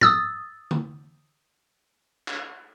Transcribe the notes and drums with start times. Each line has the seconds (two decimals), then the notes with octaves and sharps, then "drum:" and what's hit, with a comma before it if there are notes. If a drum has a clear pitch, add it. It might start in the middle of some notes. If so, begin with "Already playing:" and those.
0.01 D#6 E6 A6, drum: tom G#2
0.71 drum: tom D3
2.28 drum: clap